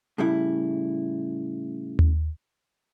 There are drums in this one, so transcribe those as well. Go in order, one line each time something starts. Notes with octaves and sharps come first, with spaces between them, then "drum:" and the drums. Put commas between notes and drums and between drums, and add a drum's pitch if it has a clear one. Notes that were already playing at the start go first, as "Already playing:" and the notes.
A2 C#3 G3 E4
drum: tom D#2